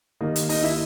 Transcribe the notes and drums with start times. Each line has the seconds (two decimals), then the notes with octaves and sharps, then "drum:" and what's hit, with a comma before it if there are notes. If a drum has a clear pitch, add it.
0.21 D#3 G3 A#3 D#4 D#5
0.36 drum: hi-hat
0.49 D#4 D#5, drum: open hi-hat
0.63 E4 E5